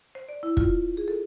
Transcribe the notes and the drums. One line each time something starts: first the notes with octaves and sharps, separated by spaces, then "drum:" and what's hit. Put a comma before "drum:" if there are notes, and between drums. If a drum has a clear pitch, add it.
C5
D5
E4
F4, drum: kick
G#4
A4